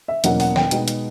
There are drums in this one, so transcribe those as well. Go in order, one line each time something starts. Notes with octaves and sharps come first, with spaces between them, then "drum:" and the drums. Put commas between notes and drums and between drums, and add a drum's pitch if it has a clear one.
E5
E2 B2 F#3 A#3 C#4 F#5, drum: hi-hat
F#5, drum: open hi-hat
G5, drum: snare
B2 G#3 B3 D#4, drum: hi-hat
drum: hi-hat